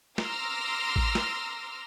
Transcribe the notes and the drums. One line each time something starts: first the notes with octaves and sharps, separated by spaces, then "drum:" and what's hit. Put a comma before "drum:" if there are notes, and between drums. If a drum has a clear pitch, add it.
A#5 C6 D6 E6 F6 A#6, drum: snare
drum: kick A1
drum: snare